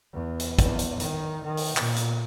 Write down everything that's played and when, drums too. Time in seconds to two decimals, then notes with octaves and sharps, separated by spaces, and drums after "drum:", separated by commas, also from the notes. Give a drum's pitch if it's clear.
0.12 E2
0.40 drum: hi-hat
0.59 E2, drum: kick, hi-hat
0.79 drum: hi-hat
1.00 D#3, drum: hi-hat
1.43 D#3
1.57 drum: open hi-hat
1.77 A#2, drum: clap
1.96 drum: hi-hat